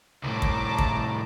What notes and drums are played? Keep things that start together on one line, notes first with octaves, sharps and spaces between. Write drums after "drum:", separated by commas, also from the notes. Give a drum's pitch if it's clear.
C2 A2 A5 A#5 D6
drum: kick
drum: kick